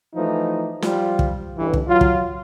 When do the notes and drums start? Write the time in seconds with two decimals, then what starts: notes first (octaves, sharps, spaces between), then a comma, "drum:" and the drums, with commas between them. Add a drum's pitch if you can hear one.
0.15 E3 F3 A3 D#4
0.82 F3 G3 F4, drum: snare
1.19 drum: kick
1.57 A1 G2 E3
1.73 drum: kick
1.88 F#3 F4
2.01 drum: kick